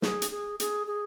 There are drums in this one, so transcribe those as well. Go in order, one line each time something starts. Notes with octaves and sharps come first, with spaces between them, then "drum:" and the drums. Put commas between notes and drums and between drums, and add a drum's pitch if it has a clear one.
G#4, drum: snare
drum: hi-hat
G#4
G#4, drum: hi-hat
G#4